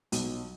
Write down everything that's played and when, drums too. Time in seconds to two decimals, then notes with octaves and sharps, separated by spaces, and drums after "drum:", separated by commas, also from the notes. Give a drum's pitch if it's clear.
0.12 B1, drum: hi-hat